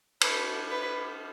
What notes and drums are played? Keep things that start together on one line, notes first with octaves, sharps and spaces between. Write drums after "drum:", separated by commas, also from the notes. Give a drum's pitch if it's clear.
B4, drum: cymbal
B4